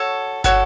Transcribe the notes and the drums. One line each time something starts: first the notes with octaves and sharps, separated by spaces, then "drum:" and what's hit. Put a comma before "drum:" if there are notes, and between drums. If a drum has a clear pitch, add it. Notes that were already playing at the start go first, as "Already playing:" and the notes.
Already playing: F#4 A4 C#5
F#4 A4 C#5, drum: kick, hi-hat